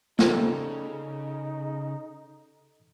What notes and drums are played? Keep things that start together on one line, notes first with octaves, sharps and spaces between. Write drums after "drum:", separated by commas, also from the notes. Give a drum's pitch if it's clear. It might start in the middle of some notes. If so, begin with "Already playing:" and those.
C#3 D#4 G4 A4 D5, drum: snare